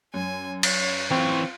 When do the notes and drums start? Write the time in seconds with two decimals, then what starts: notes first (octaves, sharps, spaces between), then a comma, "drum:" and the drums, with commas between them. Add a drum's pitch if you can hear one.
0.14 F#2 G#5
0.63 C#5, drum: cymbal
1.11 E3 C4 F4 C#5